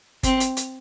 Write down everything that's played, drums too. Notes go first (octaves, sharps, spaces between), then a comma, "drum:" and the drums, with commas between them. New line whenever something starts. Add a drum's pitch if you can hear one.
C4, drum: kick G1, hi-hat
drum: hi-hat
drum: hi-hat